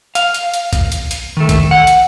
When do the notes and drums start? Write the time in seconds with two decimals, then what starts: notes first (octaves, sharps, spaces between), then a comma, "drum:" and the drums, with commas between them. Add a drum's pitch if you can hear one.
0.15 F5, drum: hi-hat
0.34 drum: hi-hat
0.54 drum: hi-hat
0.73 drum: kick A#1, hi-hat
0.92 drum: hi-hat
1.11 drum: hi-hat
1.37 D#3 A3
1.49 drum: kick A#1, hi-hat
1.71 F#5
1.87 drum: hi-hat